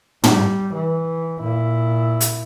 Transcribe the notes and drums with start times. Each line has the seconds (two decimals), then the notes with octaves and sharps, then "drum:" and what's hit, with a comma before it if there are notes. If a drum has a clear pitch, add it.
0.24 G3, drum: tom
0.73 E3
1.41 A#2 E4
2.21 drum: hi-hat